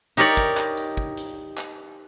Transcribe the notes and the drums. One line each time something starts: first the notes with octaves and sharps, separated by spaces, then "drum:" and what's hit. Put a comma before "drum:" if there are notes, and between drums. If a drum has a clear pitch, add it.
D#4 G4 A#4 C#5 D5
drum: kick, hi-hat
drum: clap
drum: hi-hat
drum: kick
drum: hi-hat
drum: clap